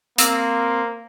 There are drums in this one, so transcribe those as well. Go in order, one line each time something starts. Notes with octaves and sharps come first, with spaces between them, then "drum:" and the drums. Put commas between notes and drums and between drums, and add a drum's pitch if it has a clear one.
A#3 C4, drum: hi-hat